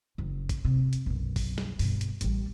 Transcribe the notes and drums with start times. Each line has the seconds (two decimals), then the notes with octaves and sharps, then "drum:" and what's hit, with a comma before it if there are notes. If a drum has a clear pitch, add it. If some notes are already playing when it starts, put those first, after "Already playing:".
0.18 F#1
0.49 drum: kick G#1, hi-hat
0.65 C3
0.93 drum: hi-hat
1.06 B1 F#2
1.36 drum: kick G#1, open hi-hat
1.58 drum: snare
1.79 G2 B2, drum: open hi-hat
2.01 drum: hi-hat
2.21 A1 G3, drum: hi-hat